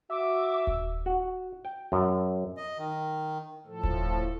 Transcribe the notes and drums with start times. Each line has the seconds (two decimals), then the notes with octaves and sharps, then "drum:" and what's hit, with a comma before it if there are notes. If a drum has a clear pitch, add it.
0.11 F#4 E5 D6
0.67 drum: kick D#1
1.06 F#4
1.65 G5
1.92 F#2
2.56 D#5
2.78 D#3
3.67 A2 F3 A4
3.83 drum: kick D#1